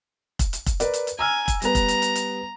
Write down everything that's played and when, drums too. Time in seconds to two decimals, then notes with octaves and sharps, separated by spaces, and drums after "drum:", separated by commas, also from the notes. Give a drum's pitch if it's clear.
0.39 drum: kick, hi-hat
0.53 drum: hi-hat
0.66 drum: kick, hi-hat
0.80 A#4 B4 D5, drum: hi-hat
0.94 drum: hi-hat
1.07 drum: hi-hat
1.19 G#5 A#5 E6 F6
1.48 drum: kick, hi-hat
1.62 G3 B3 B4 A#5, drum: hi-hat
1.75 drum: kick, hi-hat
1.88 drum: hi-hat
2.02 drum: hi-hat
2.16 drum: hi-hat